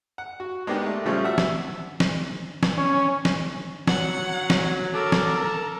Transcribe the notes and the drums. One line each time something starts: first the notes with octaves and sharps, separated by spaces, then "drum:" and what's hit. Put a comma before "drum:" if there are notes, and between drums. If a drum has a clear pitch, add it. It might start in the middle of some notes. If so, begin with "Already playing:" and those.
F#5
F#4
G#3 A#3 B3 D4 D#4 G4
A3
C#3 F3 G3 A3 C#4
F#4 E5 F#5
drum: snare
drum: snare
drum: snare
C#4
drum: snare
F#3 F#5, drum: snare
drum: snare
A4 A#4 D6
drum: snare